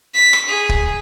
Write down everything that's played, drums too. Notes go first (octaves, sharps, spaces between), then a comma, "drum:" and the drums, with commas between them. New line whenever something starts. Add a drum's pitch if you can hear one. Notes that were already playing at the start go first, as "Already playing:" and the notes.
B6
drum: rim click
G#4
drum: kick